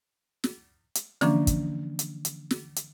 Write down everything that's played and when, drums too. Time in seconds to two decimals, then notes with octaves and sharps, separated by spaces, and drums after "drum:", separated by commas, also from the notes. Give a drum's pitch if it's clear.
0.44 drum: snare
0.95 drum: hi-hat
1.21 D3 E3 F3 A#3 C#4 D4, drum: snare
1.47 drum: kick, hi-hat
1.99 drum: hi-hat
2.25 drum: hi-hat
2.51 drum: snare
2.76 drum: hi-hat